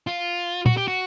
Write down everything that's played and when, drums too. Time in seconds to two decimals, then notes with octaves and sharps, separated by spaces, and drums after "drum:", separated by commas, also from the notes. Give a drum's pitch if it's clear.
0.07 F4
0.66 F#4, drum: tom A#2
0.77 G4
0.88 F#4